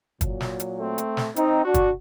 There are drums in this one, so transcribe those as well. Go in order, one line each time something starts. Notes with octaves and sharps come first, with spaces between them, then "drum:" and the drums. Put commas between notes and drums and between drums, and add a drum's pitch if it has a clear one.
A#2 F#3, drum: kick, hi-hat
drum: snare
drum: hi-hat
A3 C4
drum: hi-hat
drum: snare
C4 D#4, drum: hi-hat
D4 F#4
drum: kick, hi-hat